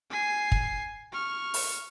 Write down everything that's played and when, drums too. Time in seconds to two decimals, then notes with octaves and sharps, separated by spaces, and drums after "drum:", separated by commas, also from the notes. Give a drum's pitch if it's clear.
0.11 G#5 C7
0.52 drum: kick
1.13 C#6 F6
1.54 drum: open hi-hat